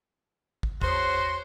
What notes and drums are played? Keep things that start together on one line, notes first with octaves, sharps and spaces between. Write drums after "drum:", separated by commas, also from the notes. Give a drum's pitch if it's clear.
drum: kick
E2 F#4 C5 C#5 C6, drum: kick